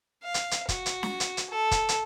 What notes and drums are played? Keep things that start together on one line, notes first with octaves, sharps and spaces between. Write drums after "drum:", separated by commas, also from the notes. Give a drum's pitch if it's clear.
F5
drum: hi-hat
drum: hi-hat
F#4, drum: kick, hi-hat
drum: hi-hat
drum: snare
drum: hi-hat
drum: hi-hat
A4
drum: kick, hi-hat
drum: hi-hat